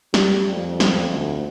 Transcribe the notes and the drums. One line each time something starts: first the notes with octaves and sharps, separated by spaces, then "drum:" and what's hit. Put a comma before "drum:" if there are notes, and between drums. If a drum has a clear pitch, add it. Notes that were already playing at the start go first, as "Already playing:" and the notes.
G3, drum: snare
F2
drum: snare
D2